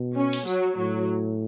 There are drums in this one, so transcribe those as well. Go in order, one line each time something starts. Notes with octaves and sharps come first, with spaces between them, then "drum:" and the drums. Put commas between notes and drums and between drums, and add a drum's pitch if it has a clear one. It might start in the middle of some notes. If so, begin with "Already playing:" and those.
Already playing: B2
C#4
drum: open hi-hat
F#3, drum: tambourine
A2 F#3